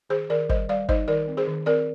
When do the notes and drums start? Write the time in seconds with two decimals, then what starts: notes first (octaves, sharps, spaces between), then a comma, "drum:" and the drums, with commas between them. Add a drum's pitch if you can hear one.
0.10 D#3 G#4 C5
0.30 D#3 A#4 D5
0.49 G3 C5 D#5, drum: kick
0.69 G3 D5 F5
0.89 D#4 C5 D#5, drum: kick
1.08 D#3 A#4 D5
1.27 C4
1.37 G#4 C5
1.47 D#3
1.66 C4 A#4 D5